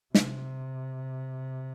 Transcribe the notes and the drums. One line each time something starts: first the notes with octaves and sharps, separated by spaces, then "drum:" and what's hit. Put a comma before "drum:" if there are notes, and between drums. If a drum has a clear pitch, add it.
C3, drum: snare